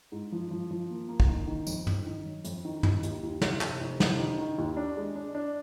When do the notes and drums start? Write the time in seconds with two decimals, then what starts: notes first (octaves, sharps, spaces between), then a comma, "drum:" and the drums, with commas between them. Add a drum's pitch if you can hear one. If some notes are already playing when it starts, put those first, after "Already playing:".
0.12 G#2
0.32 F3
0.51 F3
0.71 F3
0.90 A#3
1.09 A#3
1.20 drum: kick
1.29 D#3
1.47 D#3
1.67 F2, drum: tambourine
1.87 D#3, drum: tom
2.07 D#3
2.25 F#3
2.45 F2, drum: hi-hat
2.65 D#3
2.83 D#3, drum: tom
3.03 D#2, drum: hi-hat
3.23 D#2
3.42 F1, drum: snare
3.61 F1, drum: clap
3.80 F1
4.00 F1, drum: snare
4.19 D#3
4.38 D#3
4.58 D#2
4.77 D4
4.97 G#3
5.15 D4
5.35 D4